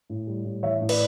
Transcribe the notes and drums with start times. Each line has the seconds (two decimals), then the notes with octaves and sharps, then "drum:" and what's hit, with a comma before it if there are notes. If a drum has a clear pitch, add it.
0.10 A2
0.27 G3
0.45 A2
0.63 E3 C#5 E5
0.81 A2
0.89 B4 D5, drum: cymbal